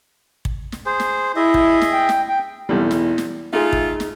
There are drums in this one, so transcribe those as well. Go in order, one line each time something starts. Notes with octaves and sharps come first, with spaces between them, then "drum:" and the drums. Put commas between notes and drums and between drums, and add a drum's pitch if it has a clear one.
drum: kick
drum: snare
G#4 C5
drum: snare
E4 G#4 D#5 E5
drum: kick
drum: snare
G5
drum: snare
G5
B1 E2 G3
drum: snare
drum: snare
A3 D#4 F4 G#4
drum: kick
drum: snare